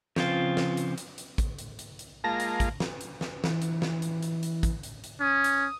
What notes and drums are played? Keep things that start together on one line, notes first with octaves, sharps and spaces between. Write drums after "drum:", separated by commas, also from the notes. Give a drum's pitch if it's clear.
C#3 F3 C4 F4, drum: snare
drum: snare
drum: hi-hat
drum: hi-hat
drum: hi-hat
drum: kick, hi-hat
drum: hi-hat
drum: hi-hat
drum: hi-hat
G#3 A#3 F4 A5 A#6
drum: hi-hat
drum: kick, hi-hat
drum: snare
drum: hi-hat
drum: snare
E3, drum: snare
drum: hi-hat
drum: snare
drum: hi-hat
drum: hi-hat
drum: hi-hat
drum: kick, hi-hat
drum: hi-hat
drum: hi-hat
C#4 D#6
drum: hi-hat